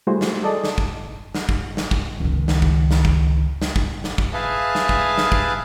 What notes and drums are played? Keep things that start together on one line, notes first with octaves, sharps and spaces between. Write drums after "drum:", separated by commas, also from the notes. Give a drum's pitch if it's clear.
G3 A3 E4 F#4 G#4 C5
drum: snare
G#4 A4 D5 D#5 A5
drum: snare
drum: kick
drum: snare
drum: kick
drum: snare
drum: kick
C#2 D#3
drum: snare
drum: kick
drum: snare
drum: kick
drum: snare
drum: kick
drum: snare
drum: kick
G#4 B4 E5 F5 G#5 A5
drum: snare
drum: kick
drum: snare
drum: kick